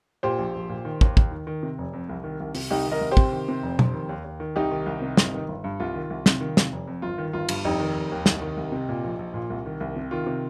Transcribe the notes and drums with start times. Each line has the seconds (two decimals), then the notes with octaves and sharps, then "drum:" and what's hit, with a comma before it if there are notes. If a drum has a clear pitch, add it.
0.23 A#2 G4 C5
0.38 A#1
0.55 A#1
0.69 A#2
0.85 D#3
1.01 D#2, drum: kick
1.17 D#2, drum: kick
1.32 D#3
1.47 D#3
1.63 C3
1.78 F1
1.93 F2
2.09 C2
2.24 D#3
2.40 C2
2.55 C3, drum: open hi-hat
2.70 C2 D#4 G4
2.86 D#3
2.91 A#4 D#5
3.01 C2
3.11 G4 C5
3.17 C3, drum: kick
3.32 D#3
3.48 C3
3.63 F1
3.79 F2, drum: tom
3.94 D#3
4.09 D#2
4.24 D#2
4.40 D#3
4.56 C2 D#4 G4
4.71 D#3
4.86 C2
5.02 C3
5.17 G1, drum: snare
5.34 D#3
5.48 G1
5.64 G2
5.80 C2 F4
5.94 D#3
6.10 C2
6.26 C3, drum: snare
6.41 D#3
6.57 C3, drum: snare
6.72 F1
6.87 F2
7.02 G1 F4
7.18 D#3
7.33 G1 F4
7.49 G2, drum: cymbal
7.64 F1 D#4 G4
7.80 D#3
7.96 F1
8.11 D#2
8.26 C2, drum: snare
8.42 D#3
8.57 C2
8.72 C3
8.89 A#2
9.04 A#1
9.19 A#1
9.34 A#2
9.50 C2
9.66 D#3
9.80 C2
9.97 C3
10.11 D#3 F4
10.26 C3